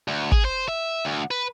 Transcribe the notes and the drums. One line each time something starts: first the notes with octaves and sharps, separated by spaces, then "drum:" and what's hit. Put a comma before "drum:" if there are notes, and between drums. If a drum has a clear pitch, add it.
D2
G#4, drum: kick
C5
E5
D2
B4